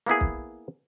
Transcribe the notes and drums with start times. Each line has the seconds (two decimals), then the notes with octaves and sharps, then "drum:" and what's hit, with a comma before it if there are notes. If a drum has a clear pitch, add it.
0.06 A#3 B3 E4 G#4
0.21 drum: kick B1